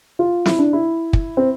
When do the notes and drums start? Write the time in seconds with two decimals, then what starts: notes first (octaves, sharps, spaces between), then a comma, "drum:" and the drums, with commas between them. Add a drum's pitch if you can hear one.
0.19 F4
0.46 E4, drum: snare
0.59 D4
0.73 E4
1.13 drum: kick
1.37 C4